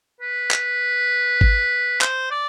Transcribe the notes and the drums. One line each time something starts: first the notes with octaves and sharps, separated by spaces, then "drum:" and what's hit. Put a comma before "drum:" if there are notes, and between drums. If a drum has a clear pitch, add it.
B4
drum: clap
drum: kick G#1
C5, drum: clap
D5